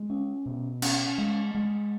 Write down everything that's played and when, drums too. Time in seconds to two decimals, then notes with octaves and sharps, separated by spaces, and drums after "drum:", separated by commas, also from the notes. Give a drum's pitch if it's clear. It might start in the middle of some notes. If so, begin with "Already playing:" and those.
Already playing: G#3
0.10 C#4
0.46 B2
0.82 C#4, drum: cymbal
1.18 G#3
1.55 G#3